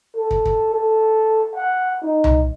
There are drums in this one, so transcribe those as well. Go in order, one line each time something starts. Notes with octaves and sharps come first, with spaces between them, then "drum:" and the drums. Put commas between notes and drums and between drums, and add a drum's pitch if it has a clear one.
A4
drum: kick
drum: kick
A4
F#5
D#4
drum: tom C2